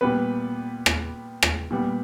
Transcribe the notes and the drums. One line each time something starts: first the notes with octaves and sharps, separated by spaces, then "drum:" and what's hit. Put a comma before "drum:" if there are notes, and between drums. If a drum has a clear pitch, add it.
A#2 G3 B3 B4
drum: rim click
drum: rim click
A#2 G3 B3